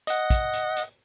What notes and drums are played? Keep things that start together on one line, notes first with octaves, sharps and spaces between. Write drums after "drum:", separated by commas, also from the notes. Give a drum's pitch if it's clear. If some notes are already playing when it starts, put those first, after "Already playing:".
D#5 F#5, drum: hi-hat
drum: kick, hi-hat
drum: hi-hat
drum: hi-hat